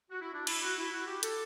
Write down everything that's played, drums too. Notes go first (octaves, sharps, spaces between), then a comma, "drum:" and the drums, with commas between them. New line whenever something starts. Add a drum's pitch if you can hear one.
F#4
E4
D4
E4, drum: cymbal
F#4
E4
F#4
G4
A4, drum: hi-hat